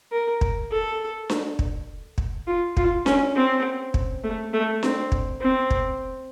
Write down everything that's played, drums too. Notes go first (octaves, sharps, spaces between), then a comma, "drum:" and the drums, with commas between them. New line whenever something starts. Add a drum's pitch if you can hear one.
A#4
drum: kick
A4
drum: snare D4
drum: kick
drum: kick
F4
F4, drum: kick
C#4, drum: snare D4
C4
drum: kick
A3
A3
C4, drum: snare D4
drum: kick
C4
drum: kick